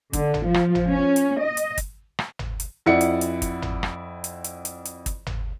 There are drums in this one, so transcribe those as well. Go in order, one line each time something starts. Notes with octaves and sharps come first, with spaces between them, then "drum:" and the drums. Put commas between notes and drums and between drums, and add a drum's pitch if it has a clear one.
D3, drum: kick, hi-hat
drum: tom
F3
drum: rim click
drum: tom
C#4
drum: hi-hat
D#5
drum: hi-hat
drum: kick, hi-hat
drum: rim click
drum: tom
drum: hi-hat
F2 E4 D5 F#5 C#7
drum: hi-hat
drum: hi-hat
drum: kick, hi-hat
drum: tom
drum: rim click
drum: hi-hat
drum: hi-hat
drum: hi-hat
drum: hi-hat
drum: kick, hi-hat
drum: tom